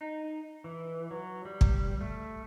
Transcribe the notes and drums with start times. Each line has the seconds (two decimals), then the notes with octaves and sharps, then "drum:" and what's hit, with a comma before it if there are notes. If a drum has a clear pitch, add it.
0.01 D#4
0.64 E3
1.11 F#3
1.45 G3
1.61 drum: kick
2.01 A3